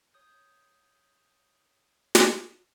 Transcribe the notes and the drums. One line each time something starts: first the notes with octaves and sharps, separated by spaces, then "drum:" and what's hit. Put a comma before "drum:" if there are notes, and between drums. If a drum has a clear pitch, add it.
C#5 D#6 G6
drum: snare